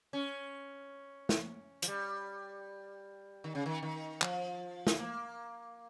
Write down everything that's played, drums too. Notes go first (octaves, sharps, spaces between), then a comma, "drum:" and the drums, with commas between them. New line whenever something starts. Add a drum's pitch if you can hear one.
C#4
drum: snare
F3, drum: hi-hat
G3
D#3
C#3
D#3
D#3
F3, drum: clap
drum: snare
A#3